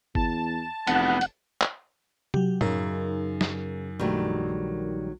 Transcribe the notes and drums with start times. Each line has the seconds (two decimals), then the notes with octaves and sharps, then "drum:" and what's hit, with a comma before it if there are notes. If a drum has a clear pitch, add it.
0.15 E2 A5, drum: kick G1
0.87 F1 E2 B3 F#5, drum: hi-hat
1.21 drum: hi-hat
1.61 drum: clap
2.34 F#3 G4, drum: tom C3
2.61 F#2 C#3 D#4 A#4, drum: tom A2
3.41 drum: snare
3.99 A#1 D#3 F#3 G3 A3